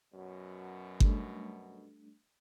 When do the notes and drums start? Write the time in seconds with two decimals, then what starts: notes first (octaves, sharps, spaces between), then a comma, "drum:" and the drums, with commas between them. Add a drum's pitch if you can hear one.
0.14 F#2 B2 F#3
1.00 G3 A3 D4, drum: kick G1